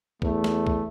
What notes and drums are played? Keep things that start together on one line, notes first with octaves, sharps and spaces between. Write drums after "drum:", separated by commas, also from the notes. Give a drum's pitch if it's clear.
E2 A3, drum: kick B1
drum: snare
drum: kick B1